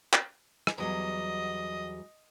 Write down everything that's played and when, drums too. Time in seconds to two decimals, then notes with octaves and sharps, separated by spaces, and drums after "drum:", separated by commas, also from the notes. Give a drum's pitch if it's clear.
0.13 drum: clap
0.67 drum: rim click
0.78 E2 F#3 G3 D#5